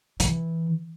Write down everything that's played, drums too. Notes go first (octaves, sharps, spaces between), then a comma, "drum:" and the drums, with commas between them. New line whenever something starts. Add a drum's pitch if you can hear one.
E3, drum: hi-hat